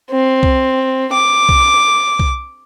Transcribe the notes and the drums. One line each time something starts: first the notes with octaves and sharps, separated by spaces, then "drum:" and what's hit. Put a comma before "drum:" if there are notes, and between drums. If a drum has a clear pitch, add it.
C4
drum: kick C2
D6
drum: kick C2
drum: kick C2